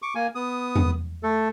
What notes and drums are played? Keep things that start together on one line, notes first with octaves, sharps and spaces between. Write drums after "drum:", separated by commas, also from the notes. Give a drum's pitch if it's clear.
C#6 D6
A#3 G#5
B3 D#6
drum: tom E2
A3 A4